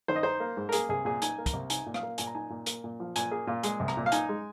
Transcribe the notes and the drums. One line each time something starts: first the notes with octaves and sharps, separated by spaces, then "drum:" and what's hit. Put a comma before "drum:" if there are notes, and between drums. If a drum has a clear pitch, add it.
D#3 C5
D#5
D#4 C5
A#3
G#2
A#4
A#3 G#4, drum: hi-hat
C2 G#4
A#2 G#4
D#4 G#5, drum: hi-hat
A#3
A#5, drum: kick, hi-hat
C2
D#4 G#5, drum: hi-hat
A#2
F5, drum: rim click
A#3
A#2 G#5, drum: hi-hat
A#5
D#4 G#5
A#2
A#3, drum: hi-hat
A#2
F3
A#2 G#5, drum: hi-hat
A#3 G#4
A#2 F4
G#3 G#4, drum: hi-hat
C2
A#5, drum: rim click
A#2
F5
D#4 G#5, drum: hi-hat
G#3